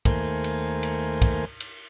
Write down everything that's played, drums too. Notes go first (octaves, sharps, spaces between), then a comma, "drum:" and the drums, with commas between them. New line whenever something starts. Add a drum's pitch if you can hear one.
D#2 A3 A#4 C5 G#5, drum: kick, cymbal
drum: cymbal
drum: cymbal
drum: kick, cymbal
drum: cymbal